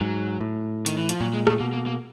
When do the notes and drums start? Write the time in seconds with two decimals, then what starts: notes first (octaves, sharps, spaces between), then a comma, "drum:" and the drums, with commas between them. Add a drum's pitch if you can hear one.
0.01 G#2 F#3
0.40 A2
0.86 D#3, drum: hi-hat
0.98 E3
1.09 F3, drum: hi-hat
1.20 A#2 F#3
1.33 G#3
1.47 A3, drum: rim click
1.60 B2 A#3
1.73 A#3
1.86 A#3